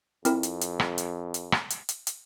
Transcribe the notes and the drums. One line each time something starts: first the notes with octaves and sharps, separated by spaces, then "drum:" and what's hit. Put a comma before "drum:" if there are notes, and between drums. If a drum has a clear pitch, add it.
F2 C4 E4 A#4, drum: hi-hat
drum: hi-hat
drum: hi-hat
drum: rim click
drum: hi-hat
drum: hi-hat
drum: rim click
drum: hi-hat
drum: hi-hat
drum: hi-hat